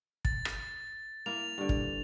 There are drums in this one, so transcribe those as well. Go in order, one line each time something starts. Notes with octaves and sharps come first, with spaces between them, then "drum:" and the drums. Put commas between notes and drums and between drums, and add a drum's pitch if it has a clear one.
A6, drum: kick
drum: rim click
A#3 E4 F7
G2 D3
drum: kick